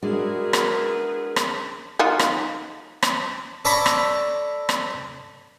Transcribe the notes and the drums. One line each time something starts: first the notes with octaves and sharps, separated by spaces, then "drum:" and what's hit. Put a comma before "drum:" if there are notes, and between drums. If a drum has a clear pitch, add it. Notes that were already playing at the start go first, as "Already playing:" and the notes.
G#3 B3 D4 E4 F#4 G#4 A#4
drum: rim click
drum: rim click
D#4 F4 F#4
drum: rim click
drum: rim click
A4 C#5 D5 A#5 B5 C#6
drum: rim click
drum: rim click